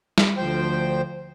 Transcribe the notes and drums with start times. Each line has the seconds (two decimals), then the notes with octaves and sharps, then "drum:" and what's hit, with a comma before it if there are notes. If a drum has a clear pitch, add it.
0.18 drum: snare
0.37 D2 F3 C5 G5